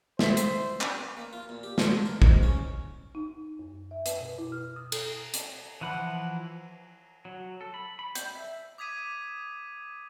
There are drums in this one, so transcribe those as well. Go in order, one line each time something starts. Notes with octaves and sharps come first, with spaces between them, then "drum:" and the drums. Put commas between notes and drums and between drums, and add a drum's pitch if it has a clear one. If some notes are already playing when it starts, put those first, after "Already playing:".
C5 E5 B6, drum: snare
drum: hi-hat
drum: clap
A#3
F4
A#2
G4
F#3, drum: snare
D4
A#4
G#2, drum: kick
C#4
D#4
F#2
E5
B4, drum: hi-hat
B2
E4
F6
D#6
A4, drum: cymbal
drum: hi-hat
E3 F3 F#5 B5
F#3
A4
B5
B5
G6, drum: hi-hat
E5
D6 D#6 G#6 B6 D#7